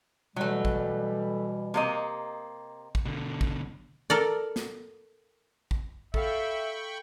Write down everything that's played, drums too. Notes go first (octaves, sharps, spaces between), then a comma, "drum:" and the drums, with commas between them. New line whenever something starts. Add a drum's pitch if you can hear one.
B2 E3 F#3 G3 A3
drum: kick A1
C3 A#3 D#5
drum: kick A1
B2 D3
drum: kick A1
A4 A#4 D5
drum: snare
drum: kick A1
A4 E5 F5 G5 B5 C#6, drum: kick A1